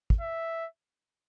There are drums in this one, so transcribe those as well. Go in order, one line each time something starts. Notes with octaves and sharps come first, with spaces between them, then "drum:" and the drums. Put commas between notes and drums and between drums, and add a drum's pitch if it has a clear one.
drum: kick
E5